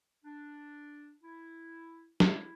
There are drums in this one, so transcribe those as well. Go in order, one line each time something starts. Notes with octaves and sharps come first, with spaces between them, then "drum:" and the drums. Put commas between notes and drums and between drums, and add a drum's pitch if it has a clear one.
D4
E4
E4, drum: snare